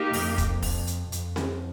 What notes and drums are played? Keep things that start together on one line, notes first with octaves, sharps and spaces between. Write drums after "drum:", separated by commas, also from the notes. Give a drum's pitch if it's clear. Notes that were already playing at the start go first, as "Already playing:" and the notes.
Already playing: A#3 D#4 G4
F2, drum: open hi-hat
drum: kick F1, hi-hat
drum: kick F1, open hi-hat
drum: hi-hat
F2, drum: hi-hat
drum: snare C4